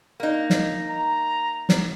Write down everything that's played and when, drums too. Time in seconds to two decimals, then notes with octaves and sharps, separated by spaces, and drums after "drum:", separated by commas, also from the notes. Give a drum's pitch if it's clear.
0.20 A#3 D#4
0.50 drum: snare
0.89 A#5
1.69 drum: snare